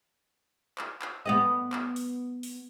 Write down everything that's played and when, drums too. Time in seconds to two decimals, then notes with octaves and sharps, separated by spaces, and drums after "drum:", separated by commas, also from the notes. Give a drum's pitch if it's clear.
0.78 drum: clap
1.02 drum: clap
1.26 B3 D5 D#5
1.73 drum: clap
1.96 drum: open hi-hat
2.43 drum: open hi-hat